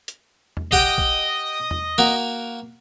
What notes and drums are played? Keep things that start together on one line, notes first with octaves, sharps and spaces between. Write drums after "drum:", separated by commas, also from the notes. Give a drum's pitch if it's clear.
drum: hi-hat
drum: tom E2
G4 D#5 F#5 G5, drum: kick A#1
drum: kick A#1
drum: tom E2
A#3 F#4 A#4, drum: snare